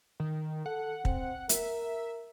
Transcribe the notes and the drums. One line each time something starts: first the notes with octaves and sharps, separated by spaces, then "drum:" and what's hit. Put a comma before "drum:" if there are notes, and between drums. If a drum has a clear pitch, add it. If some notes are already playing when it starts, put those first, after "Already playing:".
D#3
A4 F#5
C4, drum: kick
A#4 E5, drum: hi-hat